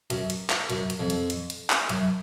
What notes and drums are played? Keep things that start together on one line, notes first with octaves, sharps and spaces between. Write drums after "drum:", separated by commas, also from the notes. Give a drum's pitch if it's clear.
F#2, drum: hi-hat
drum: hi-hat
drum: clap
F#2, drum: hi-hat
drum: hi-hat
F2
drum: hi-hat
drum: hi-hat
drum: hi-hat
drum: clap
F#2, drum: hi-hat